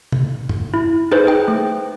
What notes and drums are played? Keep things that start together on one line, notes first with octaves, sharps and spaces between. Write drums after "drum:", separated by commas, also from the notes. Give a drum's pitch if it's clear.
drum: tom
drum: tom
E4
D#4 G#4 B4 C5
G#4 G5
A3